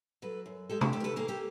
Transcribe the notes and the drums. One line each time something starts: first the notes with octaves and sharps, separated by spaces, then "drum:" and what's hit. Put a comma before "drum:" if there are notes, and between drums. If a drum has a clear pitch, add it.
F#3 A4 B4
F#2
G#3 G4 A4
G4 A4, drum: tom C3
D#2 G4 A4
A#4
A4 B4
A#3 G#4 A#4
G4 A4